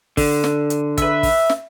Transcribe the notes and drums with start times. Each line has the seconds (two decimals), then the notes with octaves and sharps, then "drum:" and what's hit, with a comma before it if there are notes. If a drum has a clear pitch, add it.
0.17 D3, drum: kick, open hi-hat
0.44 drum: snare
0.70 drum: hi-hat
0.97 B4 E5, drum: kick, hi-hat
1.23 drum: kick, open hi-hat
1.50 drum: snare